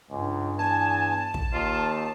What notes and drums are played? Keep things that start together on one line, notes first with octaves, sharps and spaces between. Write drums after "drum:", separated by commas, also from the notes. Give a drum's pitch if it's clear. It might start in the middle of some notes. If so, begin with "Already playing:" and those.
C#2 G2
E2 G#5 A5
drum: kick
D#2 F4